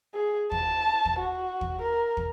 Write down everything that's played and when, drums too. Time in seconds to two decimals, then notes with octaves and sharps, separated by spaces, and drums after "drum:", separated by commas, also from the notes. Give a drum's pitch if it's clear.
0.14 G#4
0.52 A5, drum: kick
1.05 drum: kick
1.19 F#4
1.61 drum: kick
1.82 A#4
2.17 drum: kick